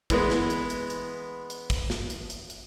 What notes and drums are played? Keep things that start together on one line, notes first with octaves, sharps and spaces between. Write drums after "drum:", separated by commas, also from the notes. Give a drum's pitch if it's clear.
E3 G#3 B3, drum: kick, hi-hat
drum: snare
drum: hi-hat
drum: hi-hat
drum: hi-hat
drum: hi-hat
drum: kick, hi-hat
drum: snare
drum: hi-hat
drum: hi-hat
drum: hi-hat